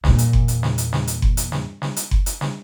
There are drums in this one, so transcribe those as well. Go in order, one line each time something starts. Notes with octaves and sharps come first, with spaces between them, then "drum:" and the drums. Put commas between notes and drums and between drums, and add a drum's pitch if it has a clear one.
E2 A#2, drum: snare
drum: hi-hat
drum: kick F#1
drum: hi-hat
drum: snare
drum: hi-hat
drum: snare
drum: hi-hat
drum: kick F#1
drum: hi-hat
drum: snare
drum: snare
drum: hi-hat
drum: kick F#1
drum: hi-hat
drum: snare